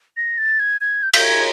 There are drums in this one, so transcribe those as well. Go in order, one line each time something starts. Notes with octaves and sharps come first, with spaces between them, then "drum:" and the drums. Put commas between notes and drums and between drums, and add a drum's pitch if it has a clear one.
A#6
A6
G#6
G#6
G6
G6, drum: cymbal
G#6